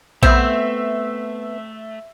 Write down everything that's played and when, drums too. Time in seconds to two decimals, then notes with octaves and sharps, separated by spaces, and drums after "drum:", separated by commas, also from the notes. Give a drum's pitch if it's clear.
0.23 A3 B3 C4 E5 E7, drum: kick A#1